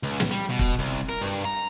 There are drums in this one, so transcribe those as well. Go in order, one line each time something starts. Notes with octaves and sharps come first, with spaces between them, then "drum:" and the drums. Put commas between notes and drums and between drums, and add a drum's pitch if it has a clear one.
C#2
drum: snare
G3
B2
drum: kick
C2
A#4
G2
A#5